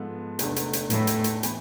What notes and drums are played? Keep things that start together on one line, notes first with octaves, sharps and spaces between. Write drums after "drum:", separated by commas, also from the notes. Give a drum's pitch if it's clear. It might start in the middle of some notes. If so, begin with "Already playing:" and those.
Already playing: G#2 F3 B3 A4
F1 E2 D3 A3, drum: hi-hat
drum: hi-hat
drum: hi-hat
A2, drum: hi-hat
drum: hi-hat
drum: hi-hat
E3 B3, drum: hi-hat